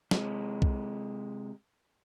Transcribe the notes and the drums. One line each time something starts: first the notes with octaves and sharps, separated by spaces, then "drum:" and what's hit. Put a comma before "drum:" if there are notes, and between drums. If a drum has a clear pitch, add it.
C3 G#3, drum: snare
drum: kick